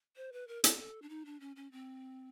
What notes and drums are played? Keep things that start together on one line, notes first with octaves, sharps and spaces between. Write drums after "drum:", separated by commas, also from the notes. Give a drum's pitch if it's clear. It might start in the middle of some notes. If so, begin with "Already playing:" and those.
C5
B4
A#4
A4, drum: hi-hat
A4
D4
D#4
D4
C#4
C#4
C4